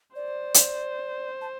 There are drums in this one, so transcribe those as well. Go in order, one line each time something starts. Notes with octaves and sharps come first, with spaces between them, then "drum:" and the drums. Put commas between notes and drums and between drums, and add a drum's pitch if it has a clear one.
C5 D5
drum: hi-hat
A5